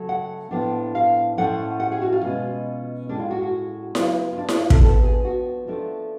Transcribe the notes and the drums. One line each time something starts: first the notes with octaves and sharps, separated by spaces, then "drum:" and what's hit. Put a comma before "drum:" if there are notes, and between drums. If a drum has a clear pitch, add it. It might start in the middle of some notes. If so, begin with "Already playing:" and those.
Already playing: C#3 F#3 A3
F#5
A2 F3 B3 D4
F5
A2 F3 A3 C#4 F#5
F#5
G#4
F#4
F4
B2 G#3 C#4
A2 G#3 C#4 D4
F4
F#4
F#4
C#3 F#3 B3 F4, drum: snare E4
F4
D4
D4, drum: snare E4
F4
A4, drum: kick
F3 B3 D4 A4
G#4
F#4
F3 A3 D4